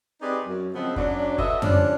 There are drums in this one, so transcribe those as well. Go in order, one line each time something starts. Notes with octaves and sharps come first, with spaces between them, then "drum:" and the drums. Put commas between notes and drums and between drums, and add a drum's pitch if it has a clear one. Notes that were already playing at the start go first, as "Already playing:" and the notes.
C4 D#4 G4 G#4 B4 D5
F#2
C#3 F3 G#3 B3 C4
F#2 F#3 D4, drum: kick
F#4 A4 B4 D#5 E5, drum: kick
E3 F3 G3 C#4 D4, drum: tom F#2